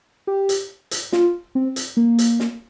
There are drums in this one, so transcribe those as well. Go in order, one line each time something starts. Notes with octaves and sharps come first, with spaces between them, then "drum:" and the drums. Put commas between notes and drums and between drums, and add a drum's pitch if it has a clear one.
G4
drum: hi-hat
drum: hi-hat
F4, drum: snare
C4
drum: hi-hat
A#3
drum: hi-hat
drum: snare